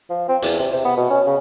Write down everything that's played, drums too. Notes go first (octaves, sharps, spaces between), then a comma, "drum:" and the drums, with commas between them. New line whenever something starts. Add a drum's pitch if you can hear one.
F3
C4
E2, drum: hi-hat
C3
C3
B3
B2
C#4
C#3